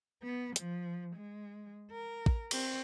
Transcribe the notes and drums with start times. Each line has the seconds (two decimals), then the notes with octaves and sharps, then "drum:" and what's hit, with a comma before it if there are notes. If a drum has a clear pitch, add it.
0.22 B3
0.56 F3, drum: hi-hat
1.16 G#3
1.91 A#4
2.26 drum: kick
2.51 C4, drum: cymbal